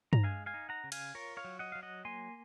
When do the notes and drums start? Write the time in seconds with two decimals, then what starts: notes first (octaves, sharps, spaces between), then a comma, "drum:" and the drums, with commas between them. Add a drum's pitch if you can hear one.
0.13 A#5, drum: tom G2
0.24 G#3 F5 G#5
0.46 F5 G#5
0.54 D#4
0.69 F#5 A#5
0.84 C#3
0.92 F5 G#5, drum: cymbal
1.15 F4 A#4 C#5
1.37 C#5 F5
1.44 F#3
1.59 D#5 F#5
1.72 F#3 F5
1.83 D#5 F#5
2.05 A#3 G#5 C6